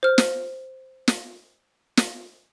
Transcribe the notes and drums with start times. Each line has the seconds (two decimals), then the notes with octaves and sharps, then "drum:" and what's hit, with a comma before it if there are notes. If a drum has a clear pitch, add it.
0.03 C5 F6
0.18 drum: snare
1.08 drum: snare
1.97 drum: snare